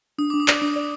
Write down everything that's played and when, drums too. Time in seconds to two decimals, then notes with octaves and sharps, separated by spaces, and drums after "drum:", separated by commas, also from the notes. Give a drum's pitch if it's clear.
0.18 D4 D#6
0.30 D6
0.34 D4
0.40 D#6
0.48 D5 D6, drum: clap
0.62 D4 D#6
0.76 D5